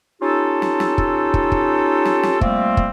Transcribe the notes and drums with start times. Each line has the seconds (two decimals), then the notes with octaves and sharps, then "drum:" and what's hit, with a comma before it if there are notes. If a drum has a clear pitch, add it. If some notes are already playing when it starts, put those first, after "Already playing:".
0.22 C#4 D#4 F4 G4 A4
0.62 drum: snare
0.80 drum: snare
0.98 drum: kick
1.34 drum: kick
1.52 drum: kick
2.05 drum: snare
2.23 drum: snare
2.41 F3 G3 A3 A#3 C4, drum: kick
2.77 drum: kick